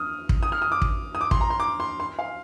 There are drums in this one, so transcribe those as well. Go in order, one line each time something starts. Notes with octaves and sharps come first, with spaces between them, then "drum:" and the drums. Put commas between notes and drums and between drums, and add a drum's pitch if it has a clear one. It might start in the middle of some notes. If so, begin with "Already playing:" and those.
Already playing: D#6 F6
drum: kick
D#6
F6
D#6
D6
drum: kick
D#6
D6
C6, drum: kick
A#5
C6
D6
C6
C6
F5